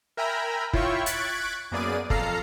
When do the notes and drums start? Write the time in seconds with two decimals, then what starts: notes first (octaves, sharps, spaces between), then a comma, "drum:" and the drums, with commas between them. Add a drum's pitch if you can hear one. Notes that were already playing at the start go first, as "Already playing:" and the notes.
0.17 A#4 E5 G5 G#5 A#5 B5
0.73 E4 F4 C#5 E5 G5 C#6, drum: kick F1
1.06 C#6 F#6 G#6 A6 B6 D7, drum: hi-hat
1.71 F#2 A#3 B3 G#4 D5 D#7
2.10 F2 A4 F5 A#5 C7, drum: kick F1